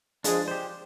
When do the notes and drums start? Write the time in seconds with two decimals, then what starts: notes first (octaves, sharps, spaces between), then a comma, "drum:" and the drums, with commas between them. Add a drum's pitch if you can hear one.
0.24 F3 G#3 D4, drum: hi-hat
0.48 G4 C5